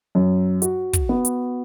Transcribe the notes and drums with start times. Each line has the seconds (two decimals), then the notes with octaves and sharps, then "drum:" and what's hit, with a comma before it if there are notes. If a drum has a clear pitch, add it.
0.15 F#2
0.62 F#4, drum: hi-hat
0.93 drum: kick, hi-hat
1.09 B3
1.25 drum: hi-hat